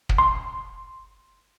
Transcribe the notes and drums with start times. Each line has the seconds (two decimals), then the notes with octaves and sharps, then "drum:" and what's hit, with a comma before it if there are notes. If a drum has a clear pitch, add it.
0.09 drum: kick
0.18 C6